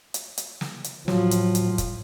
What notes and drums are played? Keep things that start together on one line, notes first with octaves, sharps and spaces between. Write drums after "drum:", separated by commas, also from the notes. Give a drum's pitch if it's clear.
drum: hi-hat
drum: hi-hat
drum: snare
drum: hi-hat
A2 F3 F#3, drum: snare
drum: hi-hat
drum: hi-hat
drum: kick, hi-hat